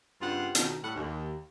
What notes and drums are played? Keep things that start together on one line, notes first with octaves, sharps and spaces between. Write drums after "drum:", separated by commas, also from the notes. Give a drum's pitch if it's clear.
G2 C#3 C4 F4 F#5
B2 D#3, drum: hi-hat
A2 G3 F#5
D#2